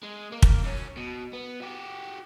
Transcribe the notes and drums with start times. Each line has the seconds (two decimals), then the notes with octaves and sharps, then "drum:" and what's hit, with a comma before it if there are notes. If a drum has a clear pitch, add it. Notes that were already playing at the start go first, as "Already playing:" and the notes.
0.03 G#3
0.32 A#3
0.42 drum: kick
0.64 F#2 C#4
0.97 B2
1.33 B3
1.62 F#4 G4